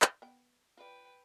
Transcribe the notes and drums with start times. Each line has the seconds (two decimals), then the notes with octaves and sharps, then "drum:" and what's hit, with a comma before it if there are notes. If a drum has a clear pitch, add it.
0.02 drum: clap
0.22 B3 G5
0.77 F4 B4 D5 G5